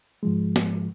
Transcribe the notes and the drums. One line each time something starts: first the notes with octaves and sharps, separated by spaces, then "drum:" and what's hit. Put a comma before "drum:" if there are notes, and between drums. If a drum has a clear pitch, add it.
G#2 F3 G#3
drum: snare